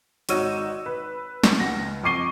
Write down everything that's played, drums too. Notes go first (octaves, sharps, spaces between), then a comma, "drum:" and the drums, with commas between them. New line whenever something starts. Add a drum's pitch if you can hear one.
G#1 D#4 F#4 C#5 E6 D#7, drum: hi-hat
B4
drum: snare
C#2 F#5 A#6
F2 C#6 D6 C7 D#7 G7